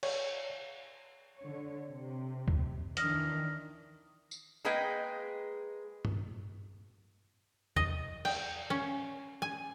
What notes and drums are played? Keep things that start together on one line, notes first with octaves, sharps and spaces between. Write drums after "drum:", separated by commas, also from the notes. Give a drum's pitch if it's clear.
C#5, drum: cymbal
D3 C#5
C3
drum: kick
D#3 E3 D4 D#6 F6 A#6, drum: hi-hat
drum: tambourine
G#3 A#3 G#4 B4 D#5 G5
drum: tom G2
D#5, drum: tom
G5, drum: cymbal
C#4
G#5